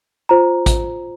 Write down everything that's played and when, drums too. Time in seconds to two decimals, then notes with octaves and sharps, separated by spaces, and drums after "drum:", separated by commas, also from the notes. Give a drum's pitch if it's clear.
0.29 F4 C5 A#5
0.66 drum: kick A1, hi-hat